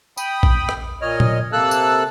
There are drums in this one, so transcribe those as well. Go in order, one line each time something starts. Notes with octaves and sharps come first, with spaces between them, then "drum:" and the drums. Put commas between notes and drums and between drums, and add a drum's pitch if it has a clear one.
G5 B5 D#6, drum: tambourine
drum: kick A#1
drum: rim click
A#2 C#5 D#5 F6
drum: tom A#2
C3 A#3 A4 A5 E6 F#6
drum: tambourine